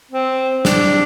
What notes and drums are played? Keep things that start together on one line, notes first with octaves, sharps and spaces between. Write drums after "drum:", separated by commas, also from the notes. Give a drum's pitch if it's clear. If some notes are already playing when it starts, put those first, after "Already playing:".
C4
D4, drum: snare